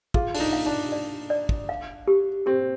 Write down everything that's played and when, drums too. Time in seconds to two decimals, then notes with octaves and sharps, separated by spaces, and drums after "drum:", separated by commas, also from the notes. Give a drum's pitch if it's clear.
0.14 F4 G#4, drum: kick
0.34 D4, drum: open hi-hat
0.40 D#4
0.53 F5
0.66 D4
0.92 D5
1.30 D5
1.49 drum: kick
1.69 F5
2.08 G4
2.46 C4 G4